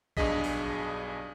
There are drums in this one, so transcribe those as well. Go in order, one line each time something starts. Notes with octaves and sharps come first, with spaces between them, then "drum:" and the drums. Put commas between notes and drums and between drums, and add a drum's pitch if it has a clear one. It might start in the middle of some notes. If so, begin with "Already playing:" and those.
B1 G2 D4 G#4 D#5 B6, drum: kick A1
drum: open hi-hat